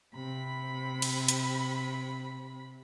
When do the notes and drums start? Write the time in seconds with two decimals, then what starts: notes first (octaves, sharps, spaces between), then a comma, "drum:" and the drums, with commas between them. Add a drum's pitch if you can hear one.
0.14 C3 B5
1.02 drum: cymbal
1.28 drum: hi-hat